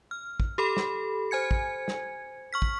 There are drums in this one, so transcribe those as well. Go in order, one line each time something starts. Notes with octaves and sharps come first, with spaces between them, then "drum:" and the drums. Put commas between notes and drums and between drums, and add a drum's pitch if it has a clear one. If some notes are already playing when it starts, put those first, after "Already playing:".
F6
drum: kick
G4 A4 B5
drum: snare
C5 G#5 G#6 C#7
drum: kick
drum: snare
C#6 F6 B6
drum: kick